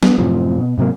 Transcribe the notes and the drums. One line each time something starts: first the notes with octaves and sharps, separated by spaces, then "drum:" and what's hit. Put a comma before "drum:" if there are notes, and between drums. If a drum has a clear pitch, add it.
B3, drum: snare
F#2 A2 C3 F3
B2
G#2 C3 F#3 A#3